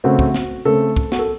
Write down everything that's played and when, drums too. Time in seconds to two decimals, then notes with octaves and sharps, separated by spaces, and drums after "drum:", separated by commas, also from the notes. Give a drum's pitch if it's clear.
0.04 C#3 A3 C4 F#4
0.19 drum: kick
0.34 drum: snare
0.65 C#3 A3 C4 A4
0.96 drum: kick
1.12 F#4, drum: snare
1.19 A4